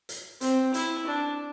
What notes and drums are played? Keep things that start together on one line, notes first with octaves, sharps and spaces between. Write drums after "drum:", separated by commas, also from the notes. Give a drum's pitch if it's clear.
drum: hi-hat
C4, drum: hi-hat
E4, drum: hi-hat
D4